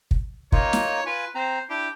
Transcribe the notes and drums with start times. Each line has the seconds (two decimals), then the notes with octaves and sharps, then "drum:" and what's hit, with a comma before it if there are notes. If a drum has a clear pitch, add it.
0.11 drum: kick
0.52 A#3 D#4 F4 C#5, drum: kick
0.73 drum: snare
1.06 F4 B4 G#5
1.35 C4 C5 A#5
1.70 D4 E4 G4